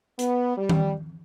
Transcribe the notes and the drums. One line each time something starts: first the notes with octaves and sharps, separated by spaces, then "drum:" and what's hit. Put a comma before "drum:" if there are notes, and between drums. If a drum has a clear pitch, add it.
B3, drum: hi-hat
G3
drum: tom D#3